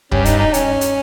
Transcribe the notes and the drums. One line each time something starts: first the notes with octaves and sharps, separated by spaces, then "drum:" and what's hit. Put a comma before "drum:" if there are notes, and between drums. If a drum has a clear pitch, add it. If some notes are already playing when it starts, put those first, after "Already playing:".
G2 C#4, drum: kick
D#4, drum: hi-hat
D#4
C#4, drum: hi-hat
drum: hi-hat